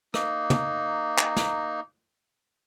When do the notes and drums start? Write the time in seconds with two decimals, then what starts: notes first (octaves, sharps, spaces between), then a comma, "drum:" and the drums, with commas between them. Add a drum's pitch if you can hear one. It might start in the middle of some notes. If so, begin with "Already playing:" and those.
0.14 A#3 D#4, drum: rim click
0.50 drum: tom
1.18 drum: clap
1.37 drum: snare